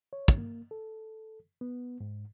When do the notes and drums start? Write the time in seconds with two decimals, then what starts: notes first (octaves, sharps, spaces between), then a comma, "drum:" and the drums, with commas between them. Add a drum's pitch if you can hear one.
0.13 C#5
0.28 drum: kick
0.38 A#3
0.71 A4
1.61 B3
2.00 G#2